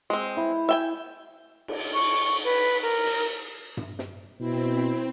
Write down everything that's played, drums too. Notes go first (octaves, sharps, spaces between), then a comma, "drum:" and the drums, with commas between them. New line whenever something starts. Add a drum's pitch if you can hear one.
G#3 C4
E4
E5 G5 G#5
drum: cymbal
C#6
B4
A#4
drum: open hi-hat
drum: tom G2
drum: snare
B2 C4 E4